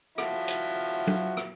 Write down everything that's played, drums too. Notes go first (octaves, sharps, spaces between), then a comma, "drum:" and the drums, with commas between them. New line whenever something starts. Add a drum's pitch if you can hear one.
F3 E4 F#4, drum: rim click
drum: hi-hat
drum: tom
drum: rim click